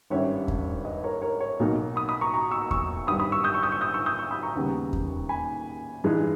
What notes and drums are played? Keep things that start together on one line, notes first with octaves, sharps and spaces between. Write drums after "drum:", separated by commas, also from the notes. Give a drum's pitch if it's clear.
G#1 G2 G3 C#4 C#5 E5
drum: kick E2
B4 D#5
A#4 C#5
A#4 C#5
A#4 C#5
B1 B2 A#3 D#4
B5 D#6
B5 D#6
A#5 C#6
A#5 C#6
C#6 E6
C#6 E6, drum: kick E2
G#1 G2 G3 B5 D#6
B5 D#6
C#6 E6
D#6 G6
C#6 E6
D#6 G6
C#6 E6
D#6 G6
C#6 E6
D#6 G6
C#6 E6
B5 D#6
A#5 C#6
D#2 C#3 G3 B3
drum: kick E2
G#5 B5
G2 E3 G#3 D#4